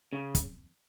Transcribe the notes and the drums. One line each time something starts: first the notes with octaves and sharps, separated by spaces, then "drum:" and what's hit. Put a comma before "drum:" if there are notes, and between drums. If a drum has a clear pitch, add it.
C#3
drum: kick, hi-hat